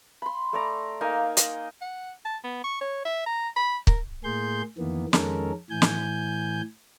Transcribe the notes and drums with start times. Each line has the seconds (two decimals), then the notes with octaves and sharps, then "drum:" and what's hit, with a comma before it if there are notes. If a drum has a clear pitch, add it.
0.22 B5 C6
0.53 A3 D5 A#5
1.01 A#3 D#4 F5 G#5
1.37 D#5, drum: hi-hat
1.81 F#5
2.25 A5
2.44 B3
2.64 C#6
2.81 C#5
3.05 E5
3.26 A#5
3.56 B5
3.87 A#4, drum: kick
4.24 A2 A#3 G#4 C6 G6
4.78 F2 D#3 E3 A#3 B3
5.13 F2 D#3 G#3 C#4 A4 A#4, drum: snare
5.70 A2 E3 G#5 G6
5.82 drum: snare